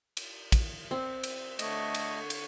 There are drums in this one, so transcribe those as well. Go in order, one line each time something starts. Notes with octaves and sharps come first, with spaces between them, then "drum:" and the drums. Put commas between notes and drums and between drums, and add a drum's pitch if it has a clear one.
drum: cymbal
drum: kick, cymbal
C4
drum: cymbal
D3 A3 C#5 D#5, drum: cymbal
drum: cymbal
drum: cymbal